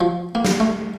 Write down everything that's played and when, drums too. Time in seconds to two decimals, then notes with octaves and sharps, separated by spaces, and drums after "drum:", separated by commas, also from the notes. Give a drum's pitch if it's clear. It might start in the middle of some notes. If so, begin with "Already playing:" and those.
0.01 F3
0.35 A#3
0.45 drum: snare
0.60 A3